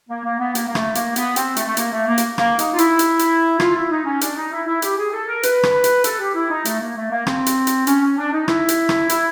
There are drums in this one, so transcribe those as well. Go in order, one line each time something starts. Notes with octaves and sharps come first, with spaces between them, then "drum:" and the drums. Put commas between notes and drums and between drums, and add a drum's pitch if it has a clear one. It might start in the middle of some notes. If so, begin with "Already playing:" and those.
A#3
A#3
B3
A#3, drum: hi-hat
A#3
A3, drum: rim click
A#3, drum: hi-hat
B3, drum: hi-hat
C4, drum: hi-hat
A3, drum: hi-hat
A3
A#3, drum: hi-hat
A3
A#3
drum: hi-hat
A#3, drum: rim click
D#4, drum: hi-hat
F4
E4, drum: hi-hat
drum: hi-hat
drum: hi-hat
F4, drum: rim click
E4
D#4
C#4
D4, drum: hi-hat
D#4
E4
E4
G4, drum: hi-hat
G#4
A4
A#4
B4, drum: hi-hat
drum: rim click
drum: hi-hat
A4, drum: hi-hat
G4
E4
D#4
A3, drum: hi-hat
A#3
A3
A#3
C4, drum: rim click
drum: hi-hat
drum: hi-hat
C#4, drum: hi-hat
C#4
D4
D#4
E4, drum: rim click
drum: hi-hat
drum: rim click
E4, drum: hi-hat